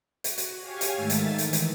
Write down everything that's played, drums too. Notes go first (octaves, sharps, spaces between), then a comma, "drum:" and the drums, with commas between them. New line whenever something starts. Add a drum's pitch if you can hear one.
F#4, drum: hi-hat
drum: hi-hat
G4 C#5 F5 G#5
drum: hi-hat
G#2 D#3 A3 E5 A6
drum: hi-hat
D#3 E3, drum: hi-hat
drum: hi-hat